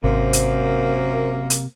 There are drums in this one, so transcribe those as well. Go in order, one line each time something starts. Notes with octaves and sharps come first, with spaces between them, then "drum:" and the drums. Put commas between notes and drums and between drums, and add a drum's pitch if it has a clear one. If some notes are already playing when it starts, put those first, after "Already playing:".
G#1 F#2 C3 A#3 C5
drum: hi-hat
drum: hi-hat